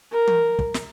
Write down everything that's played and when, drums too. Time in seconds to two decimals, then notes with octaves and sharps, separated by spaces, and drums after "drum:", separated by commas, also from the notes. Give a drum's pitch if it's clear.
0.12 A#4
0.27 drum: tom
0.59 drum: kick
0.74 drum: snare